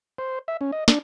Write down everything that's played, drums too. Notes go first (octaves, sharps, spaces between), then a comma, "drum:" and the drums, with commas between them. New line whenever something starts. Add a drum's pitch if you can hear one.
C5
E5
C#4
D#5
D4, drum: snare